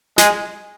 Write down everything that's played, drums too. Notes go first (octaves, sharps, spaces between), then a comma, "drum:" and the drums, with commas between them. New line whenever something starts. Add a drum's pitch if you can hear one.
G#3 G#4, drum: snare